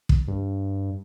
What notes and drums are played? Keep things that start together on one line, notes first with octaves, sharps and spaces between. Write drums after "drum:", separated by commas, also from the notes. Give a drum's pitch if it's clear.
drum: kick
G2